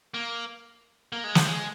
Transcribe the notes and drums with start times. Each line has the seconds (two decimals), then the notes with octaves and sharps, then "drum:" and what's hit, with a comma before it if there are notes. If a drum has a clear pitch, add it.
0.14 A#3
1.13 A#3
1.24 G#3
1.35 F3, drum: snare
1.47 G#3